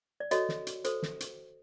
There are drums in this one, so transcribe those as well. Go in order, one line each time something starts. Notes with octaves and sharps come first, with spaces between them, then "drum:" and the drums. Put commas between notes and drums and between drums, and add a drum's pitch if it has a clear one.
D5
F#4 A4 C#5 D#5, drum: hi-hat
drum: snare
drum: hi-hat
F#4 A4 C5, drum: hi-hat
drum: snare
drum: hi-hat